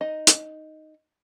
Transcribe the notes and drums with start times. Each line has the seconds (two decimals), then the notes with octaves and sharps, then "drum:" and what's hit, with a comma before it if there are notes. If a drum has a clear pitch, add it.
0.01 D#4 D#5
0.27 drum: hi-hat